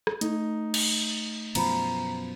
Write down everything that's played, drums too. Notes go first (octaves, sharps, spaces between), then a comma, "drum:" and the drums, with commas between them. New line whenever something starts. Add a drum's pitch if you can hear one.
drum: rim click
A3 D#4, drum: hi-hat
drum: cymbal
F#2 B2 F3 A#5 B5, drum: cymbal